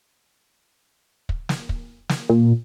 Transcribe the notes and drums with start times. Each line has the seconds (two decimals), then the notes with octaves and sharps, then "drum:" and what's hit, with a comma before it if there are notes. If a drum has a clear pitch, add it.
1.29 drum: kick
1.49 drum: snare
1.69 drum: kick
2.09 drum: snare
2.30 A#2